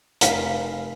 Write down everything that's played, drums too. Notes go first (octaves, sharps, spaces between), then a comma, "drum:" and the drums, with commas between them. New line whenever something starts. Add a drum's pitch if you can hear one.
F1 A#4 F5 B6, drum: hi-hat